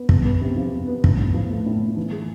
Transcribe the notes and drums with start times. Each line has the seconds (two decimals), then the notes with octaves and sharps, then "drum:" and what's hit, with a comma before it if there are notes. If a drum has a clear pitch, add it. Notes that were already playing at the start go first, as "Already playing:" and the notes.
Already playing: B3
0.09 E2, drum: kick
0.25 B3
0.41 C3
0.56 F3
0.71 E2
0.87 B3
1.04 A2, drum: kick
1.19 A2
1.34 F3
1.50 A3
1.66 A2
1.81 A2
1.97 E3
2.12 G#4